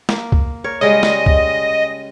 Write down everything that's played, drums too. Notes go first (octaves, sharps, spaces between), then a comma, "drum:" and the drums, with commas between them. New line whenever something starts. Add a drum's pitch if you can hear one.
A#3, drum: snare
drum: kick C#2
A#4 C#5
C#3 G3 G#3 D#5
drum: snare
drum: kick C#2